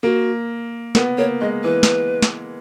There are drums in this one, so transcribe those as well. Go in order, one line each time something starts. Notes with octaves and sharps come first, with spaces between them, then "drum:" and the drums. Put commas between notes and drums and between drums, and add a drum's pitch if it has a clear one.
A#3 F#4
B3 A#4, drum: snare
A#3 C#5
G#3 D#5
E3 B4
drum: snare
drum: snare